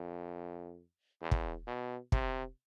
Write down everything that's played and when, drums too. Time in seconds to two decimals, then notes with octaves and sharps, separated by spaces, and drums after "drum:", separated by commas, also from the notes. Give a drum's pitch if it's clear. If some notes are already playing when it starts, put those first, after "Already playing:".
Already playing: F2
1.22 E2
1.31 drum: kick
1.67 B2
2.12 C3, drum: kick